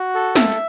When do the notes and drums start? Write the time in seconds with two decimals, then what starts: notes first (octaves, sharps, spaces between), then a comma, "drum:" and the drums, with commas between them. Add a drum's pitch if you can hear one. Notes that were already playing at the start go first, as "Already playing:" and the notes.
Already playing: F#4
0.15 A4
0.36 E5, drum: snare
0.52 drum: hi-hat